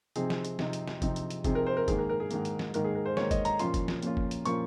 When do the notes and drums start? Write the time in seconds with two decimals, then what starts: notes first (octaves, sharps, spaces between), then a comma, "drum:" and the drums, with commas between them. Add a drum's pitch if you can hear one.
0.16 C3 F3 C4 D#4 G#4, drum: hi-hat
0.30 drum: snare
0.45 drum: hi-hat
0.59 C3 F3 C4 D#4, drum: snare
0.73 drum: hi-hat
0.88 drum: snare
1.02 C3 F3 C4 D#4, drum: kick, hi-hat
1.16 drum: hi-hat
1.30 drum: hi-hat
1.44 C3 F3 C4 D#4 G#4, drum: kick, hi-hat
1.55 A#4
1.67 C5
1.77 A#4
1.88 G#2 D#3 A#3 G#4, drum: kick, hi-hat
1.99 A#4
2.09 A#4
2.20 G#4
2.31 G#2 D#3 A#3, drum: hi-hat
2.45 drum: hi-hat
2.59 drum: snare
2.74 G#2 D#3 A#3 A#4, drum: hi-hat
2.85 G#4
2.95 A#4
3.06 C5
3.17 G#2 D#3 A#3 C#5, drum: snare
3.31 D#5, drum: kick, hi-hat
3.45 A#5, drum: hi-hat
3.59 A#2 F3 A#3 C#4 F4 C6, drum: hi-hat
3.74 drum: kick, hi-hat
3.88 drum: snare
4.02 A#2 F3 A#3 C#4 F4, drum: hi-hat
4.17 drum: kick
4.31 drum: hi-hat
4.45 A#2 F3 A#3 C#4 F4 C#6, drum: hi-hat